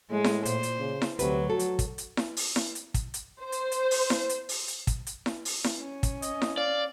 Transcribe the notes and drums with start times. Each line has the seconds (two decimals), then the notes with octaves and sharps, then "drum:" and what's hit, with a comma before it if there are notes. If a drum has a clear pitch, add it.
0.11 A2 G#3
0.24 drum: snare E4
0.45 A#2 C5, drum: hi-hat
0.63 drum: hi-hat
0.79 C#3
1.02 drum: snare E4
1.19 D2 C3 F#3 B4, drum: hi-hat
1.50 F#4 A4
1.59 drum: hi-hat
1.79 drum: kick, hi-hat
1.98 drum: hi-hat
2.17 drum: snare E4
2.37 drum: open hi-hat
2.56 drum: snare E4
2.75 drum: hi-hat
2.94 drum: kick, hi-hat
3.14 drum: hi-hat
3.42 C5
3.52 drum: hi-hat
3.72 drum: hi-hat
3.91 drum: open hi-hat
4.10 drum: snare E4
4.29 drum: hi-hat
4.49 drum: open hi-hat
4.68 drum: hi-hat
4.87 drum: kick, hi-hat
5.07 drum: hi-hat
5.26 drum: snare E4
5.45 drum: open hi-hat
5.64 drum: snare E4
5.79 C#4
6.03 drum: kick, hi-hat
6.22 D#5, drum: hi-hat
6.42 drum: snare E4
6.58 D5 F5